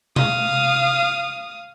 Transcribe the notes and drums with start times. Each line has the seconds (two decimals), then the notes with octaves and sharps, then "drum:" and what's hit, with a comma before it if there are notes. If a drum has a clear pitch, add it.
0.16 F5 D#6, drum: tom B2